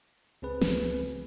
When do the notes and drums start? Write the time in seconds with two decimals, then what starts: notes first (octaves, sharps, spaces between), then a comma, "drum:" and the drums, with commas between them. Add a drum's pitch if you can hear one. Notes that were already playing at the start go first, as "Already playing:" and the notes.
0.42 C#2 C4 G#4 B4
0.61 drum: snare